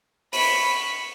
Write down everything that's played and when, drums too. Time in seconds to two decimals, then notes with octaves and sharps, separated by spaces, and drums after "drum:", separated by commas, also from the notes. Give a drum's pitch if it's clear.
0.33 B5 C#6, drum: open hi-hat